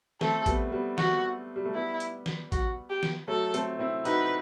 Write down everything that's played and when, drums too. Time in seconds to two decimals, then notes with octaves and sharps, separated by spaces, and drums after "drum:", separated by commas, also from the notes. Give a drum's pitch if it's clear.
0.21 A3 C4 A4, drum: snare
0.46 G3 B3, drum: kick A1, hi-hat
0.72 G3 B3
0.98 F#4, drum: snare
1.56 G3
1.65 A3
1.75 G3 B3 E4
2.00 drum: hi-hat
2.26 drum: snare
2.52 F#4, drum: kick A1, hi-hat
2.90 G4
3.03 drum: snare
3.28 F#3 A3 A4
3.54 A3 C4, drum: hi-hat
3.79 C4 E4
4.05 D#4 F#4 B4, drum: hi-hat